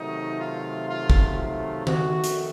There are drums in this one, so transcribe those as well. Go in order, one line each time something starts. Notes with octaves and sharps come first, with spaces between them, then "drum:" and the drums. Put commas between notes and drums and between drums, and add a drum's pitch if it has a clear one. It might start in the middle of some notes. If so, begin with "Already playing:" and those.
Already playing: C3 D#3 F#3 A3 D#4
F4
F4
drum: kick
F4
F2 D#3 A3 F#4, drum: tom D#3
drum: hi-hat